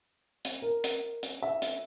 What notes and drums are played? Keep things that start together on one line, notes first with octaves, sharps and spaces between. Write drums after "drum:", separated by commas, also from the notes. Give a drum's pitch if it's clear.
drum: hi-hat
A#4
drum: hi-hat
drum: hi-hat
E5
drum: hi-hat